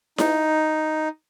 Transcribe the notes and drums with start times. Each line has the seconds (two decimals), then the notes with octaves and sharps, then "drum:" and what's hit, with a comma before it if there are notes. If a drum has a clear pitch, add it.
0.18 D#4, drum: snare E4